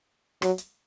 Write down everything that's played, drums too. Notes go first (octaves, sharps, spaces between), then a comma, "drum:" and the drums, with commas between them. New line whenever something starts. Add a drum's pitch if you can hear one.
F#3, drum: rim click
drum: hi-hat